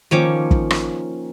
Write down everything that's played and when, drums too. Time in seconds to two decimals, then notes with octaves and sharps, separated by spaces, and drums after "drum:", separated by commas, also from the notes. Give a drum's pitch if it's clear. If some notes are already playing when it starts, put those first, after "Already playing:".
0.11 D#3 F3 A#3 C#4 C#5 D6
0.51 drum: kick
0.70 drum: rim click